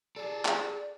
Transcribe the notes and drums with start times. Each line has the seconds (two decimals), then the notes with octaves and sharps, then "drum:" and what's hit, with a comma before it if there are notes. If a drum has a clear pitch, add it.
0.16 G#4 A4 D5
0.45 drum: clap